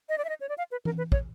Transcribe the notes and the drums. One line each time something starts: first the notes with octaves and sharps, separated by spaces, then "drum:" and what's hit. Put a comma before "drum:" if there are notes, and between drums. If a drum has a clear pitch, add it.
D#5
D5
E5
D#5
C#5
D5
F5
B4
A#4, drum: tom E3
B4
C#5, drum: kick